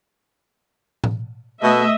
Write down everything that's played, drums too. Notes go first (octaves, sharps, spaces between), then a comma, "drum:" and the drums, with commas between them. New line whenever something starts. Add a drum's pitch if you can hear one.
drum: tom A2
B2 A3 D#5 E5